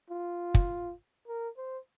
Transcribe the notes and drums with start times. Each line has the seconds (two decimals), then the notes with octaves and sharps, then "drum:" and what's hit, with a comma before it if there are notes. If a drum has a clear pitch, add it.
0.10 F4
0.54 drum: kick
1.28 A#4
1.57 C5